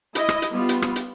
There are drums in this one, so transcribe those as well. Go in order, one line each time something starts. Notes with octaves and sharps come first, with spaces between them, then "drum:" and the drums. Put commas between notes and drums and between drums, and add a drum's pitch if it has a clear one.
E4 D#5, drum: hi-hat
drum: rim click
drum: hi-hat
G3 B3 F4
drum: hi-hat
drum: rim click
drum: hi-hat